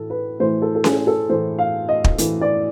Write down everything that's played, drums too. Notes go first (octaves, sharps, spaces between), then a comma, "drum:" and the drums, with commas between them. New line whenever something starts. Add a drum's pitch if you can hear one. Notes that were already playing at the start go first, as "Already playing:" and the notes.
Already playing: A2 E3 A4
B4
A2 E3 A3 C5
A4
A4
G#4, drum: snare C#4
A4
A2 E3 A3 C5
F5
D#5
drum: kick
A2 E3 A3, drum: hi-hat
D5